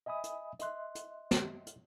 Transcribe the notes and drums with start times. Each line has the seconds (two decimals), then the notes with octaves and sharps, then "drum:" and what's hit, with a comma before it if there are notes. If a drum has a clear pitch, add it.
0.06 D#5 E5 G#5 B5 D#6
0.24 drum: hi-hat
0.59 D#5 E5 C6 F#6, drum: hi-hat
0.95 drum: hi-hat
1.31 drum: snare
1.67 drum: hi-hat